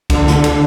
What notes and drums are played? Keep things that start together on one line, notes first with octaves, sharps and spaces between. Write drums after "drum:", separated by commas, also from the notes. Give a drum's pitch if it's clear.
D3, drum: kick C#2, cymbal
drum: snare
drum: cymbal